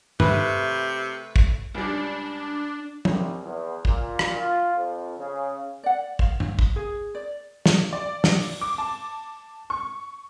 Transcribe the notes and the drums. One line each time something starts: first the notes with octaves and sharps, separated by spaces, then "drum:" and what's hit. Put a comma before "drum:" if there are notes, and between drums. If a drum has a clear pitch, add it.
C3 A3 B4, drum: tom G2
drum: kick
C#2 G3 D4
C2, drum: tom F3
E2
A#2, drum: kick
drum: rim click
F4
F2
C#3
D5 F#5
F5, drum: kick
drum: tom G2
drum: kick
G#4
D5
drum: snare
D5
drum: snare
drum: open hi-hat
D6
A5
C#6